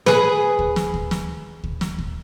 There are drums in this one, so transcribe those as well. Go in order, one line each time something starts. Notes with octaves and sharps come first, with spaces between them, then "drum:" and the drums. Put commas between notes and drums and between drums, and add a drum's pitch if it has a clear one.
G#4 B4, drum: snare
drum: kick
drum: snare
drum: kick
drum: snare
drum: kick
drum: snare
drum: kick